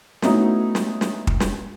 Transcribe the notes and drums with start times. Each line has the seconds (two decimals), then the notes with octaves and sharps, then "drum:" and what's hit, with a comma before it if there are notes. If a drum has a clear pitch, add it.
0.22 A3 B3 C#4 D#4 E4 F#4, drum: snare
0.75 drum: snare
1.01 drum: snare
1.27 drum: kick
1.40 drum: snare